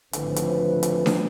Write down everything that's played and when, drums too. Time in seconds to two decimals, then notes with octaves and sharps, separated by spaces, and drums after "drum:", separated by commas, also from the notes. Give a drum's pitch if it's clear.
0.13 G#1 A2 D3 F3 C4 B4, drum: hi-hat
0.36 drum: hi-hat
0.83 drum: hi-hat
1.06 drum: snare D4